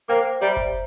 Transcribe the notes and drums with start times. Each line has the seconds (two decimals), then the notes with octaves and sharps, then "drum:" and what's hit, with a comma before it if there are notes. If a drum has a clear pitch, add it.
0.08 A#3 C5 G5 D6
0.41 G3 C5 E5 A#5
0.57 drum: kick F#1